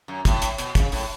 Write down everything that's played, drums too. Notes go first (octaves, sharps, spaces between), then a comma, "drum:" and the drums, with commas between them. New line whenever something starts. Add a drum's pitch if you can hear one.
F#2
A2, drum: kick, hi-hat
drum: hi-hat
B2, drum: hi-hat
C#3, drum: kick, hi-hat
A2, drum: open hi-hat